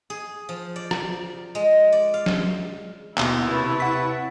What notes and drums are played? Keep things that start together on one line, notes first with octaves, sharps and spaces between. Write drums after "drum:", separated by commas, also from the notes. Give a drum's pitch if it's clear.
G#4
F3
D5
drum: rim click
G#3
D5
F5
drum: snare
D#2 B2 D3 E4, drum: clap
C3 B4 C#5 A5
F#5 B6